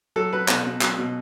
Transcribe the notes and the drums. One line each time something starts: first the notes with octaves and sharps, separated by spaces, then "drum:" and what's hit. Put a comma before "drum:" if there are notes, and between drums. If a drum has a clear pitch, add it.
F#3 A4
F#3 B4
B2, drum: clap
B2
F#3, drum: clap
B2